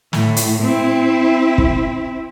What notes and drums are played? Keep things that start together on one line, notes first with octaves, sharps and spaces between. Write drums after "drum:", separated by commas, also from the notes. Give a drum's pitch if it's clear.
A2, drum: snare
drum: hi-hat
C4 E4
drum: kick